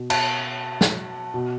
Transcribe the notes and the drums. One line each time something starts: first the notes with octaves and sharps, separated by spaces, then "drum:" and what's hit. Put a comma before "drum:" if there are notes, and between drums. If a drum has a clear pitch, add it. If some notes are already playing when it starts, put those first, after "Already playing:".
Already playing: B2
A5, drum: cymbal
drum: snare
B2